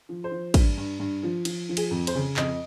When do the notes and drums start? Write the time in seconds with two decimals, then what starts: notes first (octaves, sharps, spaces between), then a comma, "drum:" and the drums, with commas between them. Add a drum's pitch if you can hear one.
0.09 F3
0.24 C5
0.32 F3
0.54 G2, drum: kick, cymbal
0.77 G2
1.00 G2
1.23 F3
1.45 F3, drum: cymbal
1.69 F3
1.77 G#4, drum: cymbal
1.91 F2
2.07 C5, drum: cymbal
2.15 C#3
2.36 F2 D#5, drum: clap